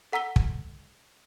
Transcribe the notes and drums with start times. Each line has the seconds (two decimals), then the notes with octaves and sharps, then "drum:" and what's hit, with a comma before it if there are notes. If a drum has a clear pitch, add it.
0.12 A4 F#5 A#5 E6 B6 G7
0.36 drum: kick